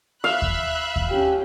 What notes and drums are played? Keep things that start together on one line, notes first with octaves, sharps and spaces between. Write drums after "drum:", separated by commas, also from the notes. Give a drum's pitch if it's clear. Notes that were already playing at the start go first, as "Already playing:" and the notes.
E5 F5 B5 F#6
drum: kick D#2
drum: kick D#2
C#4 G4